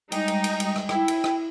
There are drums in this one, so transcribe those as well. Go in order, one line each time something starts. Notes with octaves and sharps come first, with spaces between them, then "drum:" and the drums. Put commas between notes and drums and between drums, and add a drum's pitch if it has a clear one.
G3 G#3 D#4 G5, drum: cymbal
drum: cymbal
drum: cymbal
drum: cymbal
drum: rim click
E4 G5, drum: rim click
drum: cymbal
drum: rim click